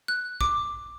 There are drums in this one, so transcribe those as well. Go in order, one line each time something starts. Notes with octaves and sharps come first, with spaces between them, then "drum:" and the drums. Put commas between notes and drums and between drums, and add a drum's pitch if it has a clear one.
F#6
D6, drum: kick A#1